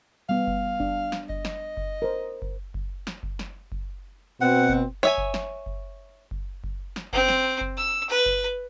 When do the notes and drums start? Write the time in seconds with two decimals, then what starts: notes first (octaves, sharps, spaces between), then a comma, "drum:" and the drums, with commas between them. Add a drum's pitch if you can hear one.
0.29 G3 B3 F5
0.47 drum: kick F#1
0.80 D4, drum: kick F#1
1.12 drum: snare
1.29 D#5, drum: kick F#1
1.45 drum: snare
1.77 drum: kick F#1
2.02 A#4 C5
2.42 drum: kick F#1
2.74 drum: kick F#1
3.07 drum: snare
3.23 drum: kick F#1
3.39 drum: snare
3.72 drum: kick F#1
4.41 B2 C4 F#5
4.69 drum: kick F#1
5.03 C#5 E5 G#5, drum: snare
5.18 drum: kick F#1
5.34 drum: snare
5.66 drum: kick F#1
6.31 drum: kick F#1
6.64 drum: kick F#1
6.96 drum: snare
7.13 C4, drum: kick F#1
7.29 drum: snare
7.61 drum: kick F#1
7.77 E6
8.10 B4
8.26 drum: kick F#1